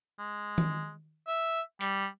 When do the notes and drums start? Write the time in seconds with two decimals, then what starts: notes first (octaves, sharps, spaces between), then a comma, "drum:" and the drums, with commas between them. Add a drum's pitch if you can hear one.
0.19 G#3
0.58 drum: tom D#3
1.28 E5
1.81 G3, drum: hi-hat